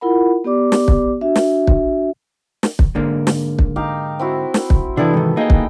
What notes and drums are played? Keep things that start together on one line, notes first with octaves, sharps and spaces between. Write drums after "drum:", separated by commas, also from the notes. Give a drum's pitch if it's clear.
E4 F4 A#4 F#5 B5
B3 G4 D5 D6
drum: snare
drum: kick
D4 F#4 E5
drum: snare
drum: kick
drum: snare
drum: kick
G#2 D3 A#3
drum: snare
drum: kick
D#4 G4 F5
C4 E4 F#4
drum: snare
drum: kick
C3 E3 B3 D4 E4 A4
G#2 D#3
A#3 D#4 G#4 D#5 G5
drum: kick